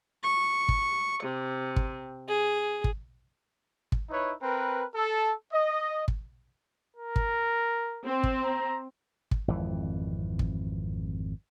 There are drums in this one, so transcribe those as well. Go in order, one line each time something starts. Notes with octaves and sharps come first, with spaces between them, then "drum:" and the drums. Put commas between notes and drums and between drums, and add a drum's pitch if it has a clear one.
C#6
drum: kick
C3
drum: kick
G#4
drum: kick
drum: kick
D#4 E4 B4 C#5
C4 A#4 B4
A4
D#5
drum: kick
A#4
drum: kick
C4
drum: kick
A#5
drum: kick
G#1 F2 E3
drum: kick